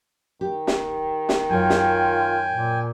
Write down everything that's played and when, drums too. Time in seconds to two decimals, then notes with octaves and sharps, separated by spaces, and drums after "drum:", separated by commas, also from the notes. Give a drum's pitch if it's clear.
0.41 D#3 G4
0.67 drum: snare
1.29 drum: snare
1.50 F#2 F4 C#5 G5 G#5
1.70 drum: snare
2.52 A#2